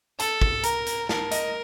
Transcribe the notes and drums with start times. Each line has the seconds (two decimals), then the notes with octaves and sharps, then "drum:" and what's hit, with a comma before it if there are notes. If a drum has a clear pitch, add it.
0.19 A4 A5, drum: hi-hat
0.41 drum: kick
0.63 A#4 A#5, drum: hi-hat
0.86 drum: hi-hat
1.09 A#4 A5, drum: snare
1.31 D#5, drum: hi-hat